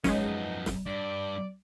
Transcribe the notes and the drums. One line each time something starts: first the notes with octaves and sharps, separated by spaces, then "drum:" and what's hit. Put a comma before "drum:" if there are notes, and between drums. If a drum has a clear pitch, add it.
F#2 F3 G#3 B3 C#4 D#4, drum: snare
drum: snare
G2 D5